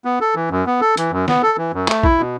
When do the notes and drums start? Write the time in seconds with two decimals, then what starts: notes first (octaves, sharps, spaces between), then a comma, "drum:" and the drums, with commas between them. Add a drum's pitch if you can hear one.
0.05 B3
0.21 A4
0.35 E3
0.51 F#2
0.67 B3
0.81 A4
0.97 E3, drum: hi-hat
1.11 F#2
1.28 B3, drum: snare
1.43 A4
1.58 E3
1.73 F#2
1.88 A3, drum: clap
2.03 E4, drum: kick
2.18 B2